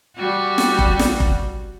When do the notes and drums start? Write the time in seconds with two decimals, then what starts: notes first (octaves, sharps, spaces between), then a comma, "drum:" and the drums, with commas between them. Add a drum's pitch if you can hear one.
0.16 G3 F#4
0.58 drum: snare
0.79 drum: kick F1
0.99 drum: snare
1.20 drum: kick F1